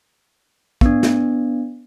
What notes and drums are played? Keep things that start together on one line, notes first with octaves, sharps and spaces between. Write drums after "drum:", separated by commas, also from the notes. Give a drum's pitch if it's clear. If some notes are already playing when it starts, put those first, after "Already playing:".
B3 D4, drum: kick
drum: snare